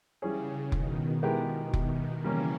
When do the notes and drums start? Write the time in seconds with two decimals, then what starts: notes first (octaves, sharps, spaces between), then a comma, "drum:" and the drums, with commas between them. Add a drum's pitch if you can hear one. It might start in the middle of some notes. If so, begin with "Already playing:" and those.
0.22 C#3 E3 G3 C#4 G#4 C#5
0.72 B2 D#3, drum: kick F1
1.23 G#3 B3 E4 G4 A#4
1.73 drum: kick F1
2.24 C#3 E3 G3 A#3 C#4